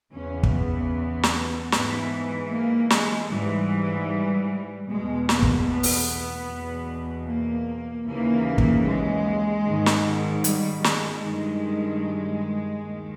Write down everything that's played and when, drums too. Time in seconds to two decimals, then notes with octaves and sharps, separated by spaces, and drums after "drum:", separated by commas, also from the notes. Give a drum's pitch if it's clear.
0.13 E2 C#3 E3 C#4
0.43 drum: kick
0.53 B3
1.23 drum: snare
1.72 G#2 E3, drum: snare
2.51 A#3
2.90 G#3, drum: snare
3.30 G#2 E3 G3
4.89 E2 B2 G#3
5.29 A#3, drum: snare
5.43 drum: kick
5.69 B3
5.83 drum: open hi-hat
6.48 E2 B2
7.26 A#3
8.06 D#2 C#3 E3 A#3
8.58 drum: kick
8.85 G#3
9.65 G#2 D#3
9.86 drum: snare
10.44 G3, drum: hi-hat
10.84 G#3, drum: snare
11.24 G2 D#3 G#3
12.82 D#2 D#3